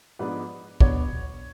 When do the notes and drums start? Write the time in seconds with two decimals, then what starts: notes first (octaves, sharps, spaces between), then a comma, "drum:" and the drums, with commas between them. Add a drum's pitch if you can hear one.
0.19 G#2 F3 G#3 B3 D4 B4
0.80 B2 F#3 B3 D4 C#5, drum: kick